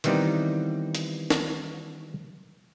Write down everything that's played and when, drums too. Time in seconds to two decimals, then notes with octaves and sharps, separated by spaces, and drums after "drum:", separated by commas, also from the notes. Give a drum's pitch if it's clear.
0.04 D#3 E3 G3 B3 C4 D#4, drum: hi-hat
0.95 drum: hi-hat
1.30 drum: snare